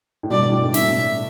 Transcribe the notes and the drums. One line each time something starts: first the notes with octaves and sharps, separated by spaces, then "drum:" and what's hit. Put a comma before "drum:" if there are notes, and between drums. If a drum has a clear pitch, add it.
A2
G2 B2 D5
G2 B2
A2
A2
G2 B2 E5, drum: snare